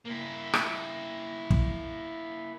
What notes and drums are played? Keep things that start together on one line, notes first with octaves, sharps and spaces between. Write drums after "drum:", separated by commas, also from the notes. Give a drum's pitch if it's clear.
A#3 E4
drum: rim click
drum: kick